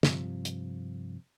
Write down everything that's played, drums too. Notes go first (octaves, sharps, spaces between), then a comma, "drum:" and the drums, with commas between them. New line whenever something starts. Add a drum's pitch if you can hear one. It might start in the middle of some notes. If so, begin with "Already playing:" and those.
G2 C3 F3, drum: snare
drum: hi-hat